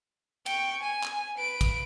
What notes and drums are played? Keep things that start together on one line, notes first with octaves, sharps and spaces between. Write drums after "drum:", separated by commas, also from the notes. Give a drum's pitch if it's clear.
G5 C#6, drum: cymbal
G#5
drum: clap
B4 D7
drum: kick, cymbal